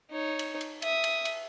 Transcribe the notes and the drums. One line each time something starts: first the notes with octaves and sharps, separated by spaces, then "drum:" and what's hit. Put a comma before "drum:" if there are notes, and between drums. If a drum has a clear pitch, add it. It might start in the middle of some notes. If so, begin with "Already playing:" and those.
D#4 C#5
drum: cymbal
drum: cymbal
E5 D#6, drum: cymbal
drum: cymbal
drum: cymbal